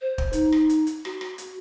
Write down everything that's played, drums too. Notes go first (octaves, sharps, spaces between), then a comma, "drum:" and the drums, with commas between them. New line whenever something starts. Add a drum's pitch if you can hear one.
C5
drum: kick
D#4, drum: hi-hat
drum: rim click
drum: hi-hat
drum: hi-hat
F#4, drum: rim click
drum: rim click
drum: hi-hat